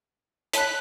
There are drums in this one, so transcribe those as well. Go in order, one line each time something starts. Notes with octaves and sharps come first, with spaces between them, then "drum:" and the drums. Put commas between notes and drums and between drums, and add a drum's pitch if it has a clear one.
C#5 A5 B5 F#6 B6, drum: hi-hat